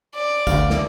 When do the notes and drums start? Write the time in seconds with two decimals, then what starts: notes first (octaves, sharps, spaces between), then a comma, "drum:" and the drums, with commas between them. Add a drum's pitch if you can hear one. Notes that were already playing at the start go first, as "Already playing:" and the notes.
0.15 D5
0.47 D2 F5, drum: kick, tambourine
0.70 drum: snare